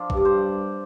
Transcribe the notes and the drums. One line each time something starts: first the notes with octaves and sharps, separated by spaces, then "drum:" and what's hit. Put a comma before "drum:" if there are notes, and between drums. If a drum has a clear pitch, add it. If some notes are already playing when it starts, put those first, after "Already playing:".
Already playing: F3 D4 F4
G2, drum: kick A1
D5
C5